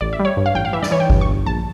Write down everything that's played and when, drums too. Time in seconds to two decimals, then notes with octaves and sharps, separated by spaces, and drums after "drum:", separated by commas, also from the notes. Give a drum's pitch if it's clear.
0.01 A1 D5
0.13 E5
0.19 G3
0.25 C#5
0.37 G2
0.46 F5
0.55 A1 G5
0.65 F5
0.73 E3 E5
0.82 D5, drum: snare
0.91 E3 C#5
1.00 G5
1.10 G2, drum: kick G1
1.21 C#6
1.28 G1
1.46 A#1 A5